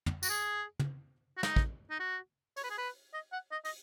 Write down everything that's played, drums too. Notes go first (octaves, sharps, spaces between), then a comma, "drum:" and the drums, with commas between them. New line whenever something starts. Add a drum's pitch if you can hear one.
drum: tom
F#4, drum: tambourine
G#4
drum: tom
F#4
D#4, drum: snare
drum: kick
D#4
F#4
C#5, drum: open hi-hat
B4
G#4
B4
D#5
F#5
D#5
D#5, drum: open hi-hat